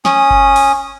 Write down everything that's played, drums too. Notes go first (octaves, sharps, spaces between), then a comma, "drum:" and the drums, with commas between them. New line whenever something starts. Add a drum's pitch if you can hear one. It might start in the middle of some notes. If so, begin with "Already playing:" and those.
C#4 D#6, drum: snare
drum: kick F#1
drum: open hi-hat